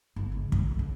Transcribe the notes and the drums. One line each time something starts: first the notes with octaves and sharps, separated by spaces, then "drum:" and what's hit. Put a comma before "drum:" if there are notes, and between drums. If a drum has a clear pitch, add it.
G1
C#2
F4, drum: kick
D3
C#2